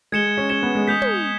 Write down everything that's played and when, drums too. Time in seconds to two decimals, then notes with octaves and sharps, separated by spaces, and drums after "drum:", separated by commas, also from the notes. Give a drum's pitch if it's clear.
0.12 G#3 G#6 C#7 E7 G7
0.38 C#4
0.49 C#4 G#6 C#7 E7 G7
0.63 B3
0.75 G#3
0.88 G#3 D#6 G6 B6
1.02 drum: tom